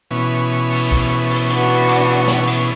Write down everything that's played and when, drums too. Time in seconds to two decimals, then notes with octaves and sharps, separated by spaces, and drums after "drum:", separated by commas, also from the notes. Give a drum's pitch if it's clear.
0.11 B2 E3 C#4
0.72 drum: cymbal
0.92 drum: kick, cymbal
1.30 drum: cymbal
1.50 D4 F#4 B4, drum: cymbal
1.69 drum: cymbal
1.89 drum: cymbal
2.08 drum: cymbal
2.28 drum: snare
2.47 drum: cymbal